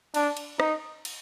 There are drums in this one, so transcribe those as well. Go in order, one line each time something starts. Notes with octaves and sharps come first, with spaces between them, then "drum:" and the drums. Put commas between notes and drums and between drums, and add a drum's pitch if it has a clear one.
D4, drum: cymbal
drum: cymbal
D#4, drum: rim click
drum: cymbal